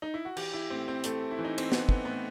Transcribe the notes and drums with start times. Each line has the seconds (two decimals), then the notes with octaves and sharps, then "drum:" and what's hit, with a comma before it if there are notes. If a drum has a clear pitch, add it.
0.02 D#4
0.14 E4
0.25 F#4
0.37 E3 G4, drum: cymbal
0.53 E4
0.70 A2 C4
0.88 C4
1.04 A2 A3, drum: hi-hat
1.31 E4
1.39 E3
1.45 D#4
1.58 C4, drum: cymbal
1.72 E3 B3, drum: snare
1.89 B3, drum: kick
2.05 A2 B3